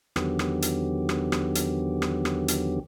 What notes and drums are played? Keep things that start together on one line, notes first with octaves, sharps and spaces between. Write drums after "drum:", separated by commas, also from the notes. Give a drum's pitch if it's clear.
E2 D3 D#3 F#3 B3 G4, drum: rim click
drum: rim click
drum: hi-hat
drum: rim click
drum: rim click
drum: hi-hat
drum: rim click
drum: rim click
drum: hi-hat